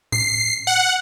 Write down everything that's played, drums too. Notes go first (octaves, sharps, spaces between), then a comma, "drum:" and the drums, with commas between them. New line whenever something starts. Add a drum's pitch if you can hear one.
C7, drum: tom A2
F#5